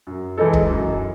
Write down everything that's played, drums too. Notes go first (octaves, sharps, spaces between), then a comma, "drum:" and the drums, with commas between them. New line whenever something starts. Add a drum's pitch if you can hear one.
F#2
E3 G#3 D#4 A4
drum: kick
F#2